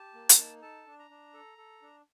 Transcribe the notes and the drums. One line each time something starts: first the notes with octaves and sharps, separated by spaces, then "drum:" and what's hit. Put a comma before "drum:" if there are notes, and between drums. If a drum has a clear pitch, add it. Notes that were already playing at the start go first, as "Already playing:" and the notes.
Already playing: G4 A5
A#3
drum: hi-hat
D#4
A4 A5
D4
A#5
D4
A4
A4
D4